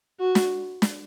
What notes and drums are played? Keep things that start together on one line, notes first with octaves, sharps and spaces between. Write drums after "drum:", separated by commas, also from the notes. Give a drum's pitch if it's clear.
F#4
drum: snare
drum: snare